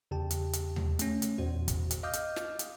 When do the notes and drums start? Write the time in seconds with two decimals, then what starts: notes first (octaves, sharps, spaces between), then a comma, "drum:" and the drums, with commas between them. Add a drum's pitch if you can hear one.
0.11 E2 C#3 G4 G5 A5
0.31 drum: hi-hat
0.53 drum: hi-hat
0.76 drum: tom D#2
0.99 A3 C#4, drum: hi-hat
1.22 drum: hi-hat
1.38 E2 A#2 F#4 C5
1.68 drum: kick, hi-hat
1.91 drum: hi-hat
2.03 D#5 F5 D6 D#6 F6 G6
2.13 drum: hi-hat
2.36 drum: snare
2.59 drum: hi-hat